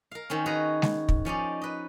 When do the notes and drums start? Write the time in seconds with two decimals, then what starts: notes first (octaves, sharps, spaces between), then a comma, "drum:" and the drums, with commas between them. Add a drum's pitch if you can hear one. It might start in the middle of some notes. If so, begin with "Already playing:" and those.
0.12 A#4 F5
0.30 D#3 C4 C#4
0.46 F#4 G#4 B4 A#5
0.82 drum: snare G#3
1.09 drum: kick
1.25 F3 C#4 D#4 D5
1.62 B4 D#5